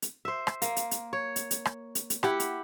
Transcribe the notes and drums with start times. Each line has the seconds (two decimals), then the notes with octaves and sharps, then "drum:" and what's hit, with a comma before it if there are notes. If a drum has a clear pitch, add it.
0.02 drum: hi-hat
0.25 C5 E5
0.47 drum: rim click
0.62 A#3, drum: hi-hat
0.76 drum: hi-hat
0.91 drum: hi-hat
1.13 C#5
1.36 drum: hi-hat
1.51 drum: hi-hat
1.65 drum: rim click
1.95 drum: hi-hat
2.10 drum: hi-hat
2.23 E4 G4 F#5, drum: rim click
2.40 drum: hi-hat